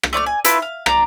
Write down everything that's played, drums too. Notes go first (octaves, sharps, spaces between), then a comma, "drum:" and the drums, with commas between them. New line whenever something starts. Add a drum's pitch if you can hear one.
drum: rim click
A3 D5 C6 F6
G#5
E4 F4 A4 B4, drum: hi-hat
F5
D4 A#5, drum: rim click